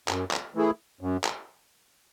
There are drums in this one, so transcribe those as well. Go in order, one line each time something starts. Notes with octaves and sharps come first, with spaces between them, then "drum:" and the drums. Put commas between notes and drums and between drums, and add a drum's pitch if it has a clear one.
F#2, drum: clap
drum: clap
E3 A3 E4 G#4
F#2
drum: clap